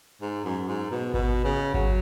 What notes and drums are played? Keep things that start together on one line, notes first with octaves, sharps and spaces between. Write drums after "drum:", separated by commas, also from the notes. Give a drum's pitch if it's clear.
G#2
F#2
G#2
B2
B2, drum: kick G#1
C#3
F#3, drum: kick G#1